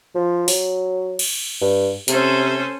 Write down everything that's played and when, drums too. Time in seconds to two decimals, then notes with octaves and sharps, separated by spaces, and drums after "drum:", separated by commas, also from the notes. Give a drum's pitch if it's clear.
0.15 F3
0.48 F#3, drum: open hi-hat
1.19 drum: cymbal
1.61 G2
2.08 C3 C#4 A4 C5, drum: hi-hat